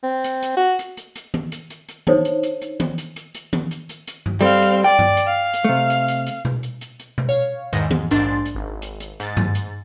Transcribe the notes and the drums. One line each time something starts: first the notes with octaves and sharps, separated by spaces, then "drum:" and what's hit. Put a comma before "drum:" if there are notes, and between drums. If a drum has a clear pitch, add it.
C4
drum: hi-hat
drum: hi-hat
F#4
drum: hi-hat
drum: hi-hat
drum: hi-hat
drum: tom D#3
drum: hi-hat
drum: hi-hat
drum: hi-hat
D4 D#4 A4 C5 C#5, drum: tom D#3
drum: hi-hat
drum: hi-hat
drum: hi-hat
drum: tom D#3
drum: hi-hat
drum: hi-hat
drum: hi-hat
drum: tom D#3
drum: hi-hat
drum: hi-hat
drum: hi-hat
drum: tom G2
G3 C4 A4 F5
drum: hi-hat
D5 G5
drum: tom G2
drum: hi-hat
F5
drum: hi-hat
C3 A3
drum: hi-hat
drum: hi-hat
drum: hi-hat
drum: tom B2
drum: hi-hat
drum: hi-hat
drum: hi-hat
drum: tom B2
C#5 F5
E2 G#2 D#3 A#6, drum: hi-hat
G#2, drum: tom D#3
A#1 G#2 D4 C6 A6, drum: hi-hat
drum: hi-hat
G#1
drum: hi-hat
drum: hi-hat
G#2 A6, drum: hi-hat
drum: tom G2
drum: hi-hat